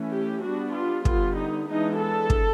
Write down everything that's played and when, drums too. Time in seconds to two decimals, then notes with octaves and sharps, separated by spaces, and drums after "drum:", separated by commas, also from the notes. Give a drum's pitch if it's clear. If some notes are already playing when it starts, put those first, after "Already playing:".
Already playing: E3 A3 C#4
0.12 G4
0.43 G3 B3 D4 F#4
0.74 F4
1.05 D3 G3 B3 F4, drum: kick
1.37 D#4
1.68 E3 G#3 B3 D4 D#4
1.98 A4
2.30 drum: kick